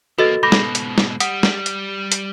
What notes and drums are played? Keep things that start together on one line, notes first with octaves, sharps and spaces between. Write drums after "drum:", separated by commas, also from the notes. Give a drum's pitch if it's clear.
E2 A#3 F#4 A4 B4 D#5 A6
G#2 B2 B5 D6 G6 A#6
drum: snare
drum: hi-hat
drum: snare
G3 F#5 D#6, drum: hi-hat
drum: snare
drum: hi-hat
drum: hi-hat